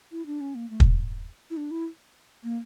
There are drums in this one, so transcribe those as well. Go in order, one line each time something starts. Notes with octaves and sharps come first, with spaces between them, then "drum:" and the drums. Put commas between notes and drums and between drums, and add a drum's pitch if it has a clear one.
E4
D4
C#4
A#3
A3
drum: kick
E4
D4
E4
A#3